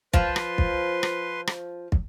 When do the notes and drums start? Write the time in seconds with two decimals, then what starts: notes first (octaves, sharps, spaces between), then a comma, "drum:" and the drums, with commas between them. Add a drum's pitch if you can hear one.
0.14 F3 B4 C6, drum: kick
0.36 drum: rim click
0.58 drum: kick
1.03 drum: rim click
1.47 drum: rim click
1.92 drum: kick